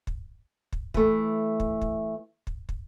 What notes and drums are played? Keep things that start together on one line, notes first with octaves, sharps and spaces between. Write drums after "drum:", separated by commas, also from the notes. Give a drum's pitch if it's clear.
drum: kick
drum: kick
E3 A3, drum: kick
drum: kick
drum: kick
drum: kick
drum: kick